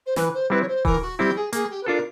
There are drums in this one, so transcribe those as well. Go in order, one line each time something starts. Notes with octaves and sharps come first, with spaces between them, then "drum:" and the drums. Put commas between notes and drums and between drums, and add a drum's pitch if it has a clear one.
C5
E3 B4, drum: snare
C5
G3 C4 E4 B4
C#5
C5
E3 A#4, drum: kick D#1
F#4
G3 C4 E4 G4
G#4
A#3 G#4, drum: hi-hat
G4
B4
D4 F4 A4 A#4